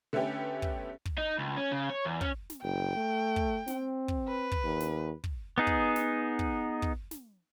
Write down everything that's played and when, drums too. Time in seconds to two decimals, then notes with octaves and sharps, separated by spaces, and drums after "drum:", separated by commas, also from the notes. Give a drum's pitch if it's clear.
0.13 D3 A3 B3 C#4 G4
0.62 drum: kick
1.05 drum: kick
1.18 D#4
1.38 C#2
1.57 C#4
1.72 C#3
1.90 C#5
2.05 E2
2.21 C#4, drum: kick
2.50 drum: snare
2.63 F#1 G5
2.96 A3
3.36 drum: kick
3.68 C4, drum: snare
4.08 drum: kick
4.28 B4
4.52 drum: kick
4.64 D#2
4.80 drum: snare
5.24 drum: kick
5.58 B3 D#4 G#4
5.67 drum: kick
5.96 drum: snare
6.39 drum: kick
6.82 drum: kick
7.11 drum: snare